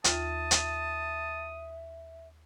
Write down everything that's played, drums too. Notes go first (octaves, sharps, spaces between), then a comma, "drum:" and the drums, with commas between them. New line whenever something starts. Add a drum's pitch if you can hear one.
D#2 F4 E5 A5 D#6, drum: hi-hat
drum: hi-hat